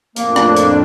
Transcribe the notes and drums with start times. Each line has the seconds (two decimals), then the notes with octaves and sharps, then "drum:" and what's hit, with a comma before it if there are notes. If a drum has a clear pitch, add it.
0.16 F2 A2 A#3 D4, drum: hi-hat
0.36 drum: rim click
0.56 drum: hi-hat